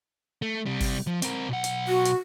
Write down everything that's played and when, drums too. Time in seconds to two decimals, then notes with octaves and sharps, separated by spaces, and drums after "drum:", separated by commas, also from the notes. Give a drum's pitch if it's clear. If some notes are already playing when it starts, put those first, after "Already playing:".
0.42 A3
0.66 C3 G3
0.81 drum: kick G1, open hi-hat
1.07 F3
1.22 C4 A#4, drum: hi-hat
1.49 B1 F#5
1.64 drum: hi-hat
1.88 F#4
2.05 drum: hi-hat